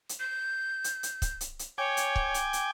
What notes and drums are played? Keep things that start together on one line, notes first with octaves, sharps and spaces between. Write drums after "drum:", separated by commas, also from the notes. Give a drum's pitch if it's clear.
drum: hi-hat
G6
drum: hi-hat
drum: hi-hat
drum: kick, hi-hat
drum: hi-hat
drum: hi-hat
C#5 G5 G#5 D6
drum: hi-hat
drum: kick
drum: hi-hat
drum: hi-hat